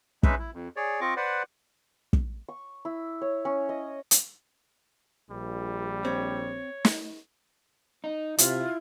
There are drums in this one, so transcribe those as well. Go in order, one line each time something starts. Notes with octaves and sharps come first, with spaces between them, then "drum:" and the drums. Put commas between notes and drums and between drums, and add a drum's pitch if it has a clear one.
G#3 C#4 D#4 B4 E5, drum: kick
E4
F2
G#4 C#5 D5
C4 F4 D#5 C#6 D6
B4 C5 D5 F#5
drum: kick
C#6
E4
C#5
C#4
D#5
drum: hi-hat
A#1 G3
C4 C#5
drum: snare
D#4
C3 E4 F4, drum: hi-hat